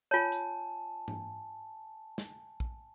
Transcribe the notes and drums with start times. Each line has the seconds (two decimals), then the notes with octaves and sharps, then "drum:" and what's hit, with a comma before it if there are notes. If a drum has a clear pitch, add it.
0.11 F4 C#5 G#5 A5
0.32 drum: hi-hat
1.08 drum: tom G#2
2.18 drum: snare
2.60 drum: kick A#1